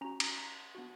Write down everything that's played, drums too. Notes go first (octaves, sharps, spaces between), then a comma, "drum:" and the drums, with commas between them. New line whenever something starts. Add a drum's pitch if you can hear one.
C#4 F#4 A#5
A#5, drum: cymbal
A#5
B3 D4 F#4